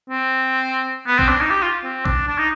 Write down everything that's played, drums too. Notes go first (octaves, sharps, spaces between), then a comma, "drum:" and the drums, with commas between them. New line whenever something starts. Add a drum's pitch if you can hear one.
C4
B3
C4, drum: kick B1
D4
D#4
G4
F4
C4
D4, drum: kick B1
D4
D#4